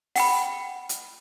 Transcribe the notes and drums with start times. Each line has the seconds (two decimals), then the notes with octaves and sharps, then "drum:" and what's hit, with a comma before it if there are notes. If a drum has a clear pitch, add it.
0.16 F#5 G5 B5, drum: open hi-hat
0.89 drum: hi-hat